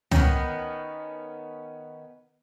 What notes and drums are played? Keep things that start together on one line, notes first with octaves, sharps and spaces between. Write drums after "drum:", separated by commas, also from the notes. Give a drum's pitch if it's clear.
D#3 B3 C#4, drum: tom